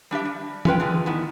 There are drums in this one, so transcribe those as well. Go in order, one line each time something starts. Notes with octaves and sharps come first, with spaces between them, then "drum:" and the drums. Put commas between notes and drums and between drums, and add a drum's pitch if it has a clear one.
G3 D4 G4 E5
G3
C#4 F4 B4 G5, drum: tom
D3 A3 F4 G#4
D#3 B3 E4